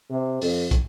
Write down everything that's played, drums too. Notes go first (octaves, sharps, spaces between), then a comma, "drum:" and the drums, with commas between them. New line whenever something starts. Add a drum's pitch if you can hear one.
C3
F2, drum: open hi-hat
drum: kick, hi-hat